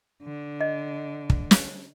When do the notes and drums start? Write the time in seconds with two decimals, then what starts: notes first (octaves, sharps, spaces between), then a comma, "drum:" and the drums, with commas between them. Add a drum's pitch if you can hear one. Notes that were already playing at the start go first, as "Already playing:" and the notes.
0.23 D3
0.61 D#5
1.30 drum: kick
1.51 drum: snare